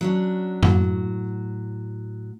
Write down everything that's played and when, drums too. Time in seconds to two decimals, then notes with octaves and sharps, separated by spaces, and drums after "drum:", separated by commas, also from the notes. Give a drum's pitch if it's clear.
0.01 F#3 C#4 D4
0.63 A2 F#3, drum: tom F#2